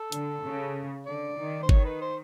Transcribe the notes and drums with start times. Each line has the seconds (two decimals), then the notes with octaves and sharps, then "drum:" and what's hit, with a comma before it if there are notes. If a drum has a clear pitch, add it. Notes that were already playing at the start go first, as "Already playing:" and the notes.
Already playing: A4
0.12 D3, drum: hi-hat
0.43 C#3
1.06 D3 D5
1.38 D#3
1.63 C5
1.69 D#3 C#5, drum: kick G1
1.85 B4
2.01 C5